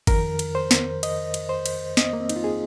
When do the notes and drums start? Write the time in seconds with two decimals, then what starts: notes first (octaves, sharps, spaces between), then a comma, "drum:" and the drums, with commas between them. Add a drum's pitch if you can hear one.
0.07 F2 D#3 A#4, drum: kick G1, cymbal
0.39 drum: cymbal
0.55 C5
0.71 drum: snare
1.03 D#5, drum: cymbal
1.34 drum: cymbal
1.49 C5
1.66 drum: cymbal
1.97 D#5, drum: snare
2.13 A#3
2.20 C4
2.29 D#4, drum: cymbal
2.36 F4
2.44 G#4